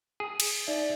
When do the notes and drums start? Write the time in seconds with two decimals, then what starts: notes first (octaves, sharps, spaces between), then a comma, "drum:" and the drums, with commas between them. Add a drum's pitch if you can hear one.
0.20 G#4
0.40 drum: cymbal
0.67 D#4 D5 E5